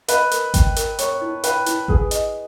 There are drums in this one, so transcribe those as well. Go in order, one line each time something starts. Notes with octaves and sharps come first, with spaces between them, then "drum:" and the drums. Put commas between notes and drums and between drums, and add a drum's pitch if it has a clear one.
B4 D#5, drum: hi-hat
A#4, drum: hi-hat
G5, drum: kick G#1, hi-hat
A#4, drum: hi-hat
A#4 C#5, drum: hi-hat
E4
B4 G5, drum: hi-hat
E4, drum: hi-hat
G#4 B4, drum: kick G#1
D#5, drum: hi-hat